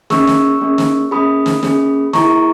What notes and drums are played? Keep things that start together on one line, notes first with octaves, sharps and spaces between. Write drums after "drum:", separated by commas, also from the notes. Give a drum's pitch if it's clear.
A#3 C#4 G#4 C#6 E6, drum: snare
drum: snare
A#3 C#4 G#4
drum: snare
A#3 C#4 G#4 B5 D#6
drum: snare
A#3 C#4 G#4, drum: snare
A#3 E4 G#4 A#5 C#6, drum: snare